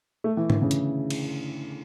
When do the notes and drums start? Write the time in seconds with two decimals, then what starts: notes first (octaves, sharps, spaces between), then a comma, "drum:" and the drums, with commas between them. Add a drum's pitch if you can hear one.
0.24 A3
0.37 E3
0.50 D3, drum: tom G#2
0.62 C#3
0.71 drum: hi-hat
1.10 drum: cymbal